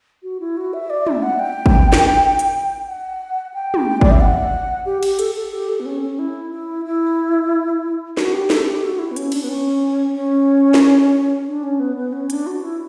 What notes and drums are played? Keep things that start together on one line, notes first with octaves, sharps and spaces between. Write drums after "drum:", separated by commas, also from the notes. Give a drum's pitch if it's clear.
F#4
E4
F#4
E5
D5
E5, drum: tom
F#5
G5
drum: kick
drum: snare
drum: hi-hat
F#5
G5
drum: tom
D5, drum: kick
E5
F#5
G4
G4, drum: cymbal
A4, drum: hi-hat
A4
G4
A4
B3
C#4
C#4
E4
E4
E4
F#4, drum: snare
G4
A4, drum: snare
G4
F#4
E4
B3
C#4, drum: hi-hat
D4, drum: cymbal
B3
C#4
C#4
drum: snare
D4
C#4
B3
B3
C#4
D4, drum: hi-hat
F#4
E4